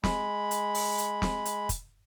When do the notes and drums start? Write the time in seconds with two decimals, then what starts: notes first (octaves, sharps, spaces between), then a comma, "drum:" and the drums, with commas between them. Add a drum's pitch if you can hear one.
0.04 G#3 B5, drum: snare
0.51 drum: hi-hat
0.74 drum: open hi-hat
0.98 drum: hi-hat
1.22 drum: snare
1.45 drum: hi-hat
1.69 drum: kick, hi-hat